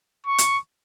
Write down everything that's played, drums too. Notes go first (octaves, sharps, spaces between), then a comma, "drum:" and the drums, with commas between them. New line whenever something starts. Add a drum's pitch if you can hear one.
C#6
drum: hi-hat